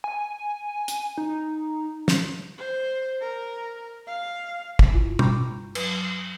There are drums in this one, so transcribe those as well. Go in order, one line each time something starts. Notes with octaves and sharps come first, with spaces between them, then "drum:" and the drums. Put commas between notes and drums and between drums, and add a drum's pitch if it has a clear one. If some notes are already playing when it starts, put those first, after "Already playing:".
G#5
drum: hi-hat
D#4
drum: snare
C5
A#4
F5
drum: kick
G2 E4 F4
G5 A#5 B5 C#6 D6 G6, drum: tom
F#3 B4, drum: cymbal